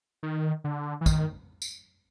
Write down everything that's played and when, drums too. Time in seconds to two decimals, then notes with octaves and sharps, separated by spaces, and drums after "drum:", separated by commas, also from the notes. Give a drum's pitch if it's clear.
0.23 D#3
0.64 D3
1.01 E3
1.06 D#3, drum: kick, tambourine
1.62 drum: tambourine